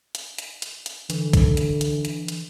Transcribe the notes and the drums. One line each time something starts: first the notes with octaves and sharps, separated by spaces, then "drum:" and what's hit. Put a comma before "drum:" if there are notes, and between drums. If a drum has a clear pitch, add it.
drum: hi-hat
drum: hi-hat
drum: hi-hat
drum: hi-hat
D3 E3, drum: hi-hat
drum: kick, hi-hat
drum: hi-hat
drum: hi-hat
drum: hi-hat
drum: hi-hat